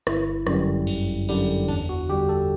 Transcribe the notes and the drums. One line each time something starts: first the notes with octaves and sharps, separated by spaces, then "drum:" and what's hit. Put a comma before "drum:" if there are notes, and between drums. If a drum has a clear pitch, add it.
G1 E4, drum: rim click
F#2 D3 G3, drum: rim click
G1, drum: cymbal
F#2 D3 G3, drum: cymbal
E2 D4, drum: cymbal
F#4
D3 G3 G4
A4